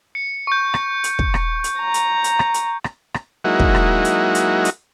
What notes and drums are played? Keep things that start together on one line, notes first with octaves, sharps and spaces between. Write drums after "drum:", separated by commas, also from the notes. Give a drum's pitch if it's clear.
C#7
C#6 G6
drum: rim click
drum: hi-hat
drum: kick
drum: rim click
drum: hi-hat
A#5
drum: hi-hat
drum: hi-hat
drum: rim click
drum: hi-hat
drum: rim click
drum: rim click
F#3 G#3 A#3 D#4 E4 F#4
drum: kick
drum: rim click
drum: hi-hat
drum: hi-hat
drum: hi-hat